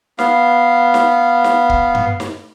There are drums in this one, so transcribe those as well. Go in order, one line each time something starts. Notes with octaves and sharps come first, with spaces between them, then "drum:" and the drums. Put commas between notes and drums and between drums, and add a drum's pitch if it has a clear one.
B3 F5, drum: snare
drum: snare
drum: snare
drum: kick
drum: tom G2
drum: snare